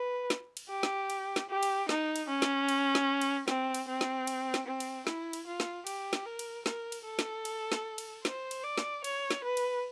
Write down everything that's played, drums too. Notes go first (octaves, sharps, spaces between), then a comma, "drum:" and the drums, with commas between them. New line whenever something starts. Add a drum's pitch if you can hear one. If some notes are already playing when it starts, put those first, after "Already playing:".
Already playing: B4
drum: snare
drum: cymbal
G4
drum: snare
drum: cymbal
drum: snare
G4
drum: cymbal
D#4, drum: snare
drum: cymbal
C#4
drum: snare
drum: cymbal
drum: snare
drum: cymbal
C4, drum: snare
drum: cymbal
C4
drum: snare
drum: cymbal
drum: snare
C4
drum: cymbal
E4, drum: snare
drum: cymbal
F4
drum: snare
G4, drum: cymbal
drum: snare
A#4
drum: cymbal
A#4, drum: snare
drum: cymbal
A4
drum: snare
drum: cymbal
drum: snare
drum: cymbal
C5, drum: snare
drum: cymbal
D5
drum: snare
C#5, drum: cymbal
drum: snare
B4
drum: cymbal